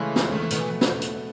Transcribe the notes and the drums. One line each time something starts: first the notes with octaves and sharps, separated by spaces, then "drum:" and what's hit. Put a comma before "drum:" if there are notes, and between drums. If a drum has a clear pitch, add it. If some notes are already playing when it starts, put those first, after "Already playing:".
Already playing: C#3 E3 G#3 A3 C#4
drum: snare
D#3 A3
E3
B2 D#3 B3, drum: hi-hat
E3
drum: snare
drum: hi-hat